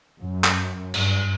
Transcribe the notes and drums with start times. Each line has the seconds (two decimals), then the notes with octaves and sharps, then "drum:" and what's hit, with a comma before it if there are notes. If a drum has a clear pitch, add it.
0.21 F#2
0.44 drum: clap
0.94 G2, drum: cymbal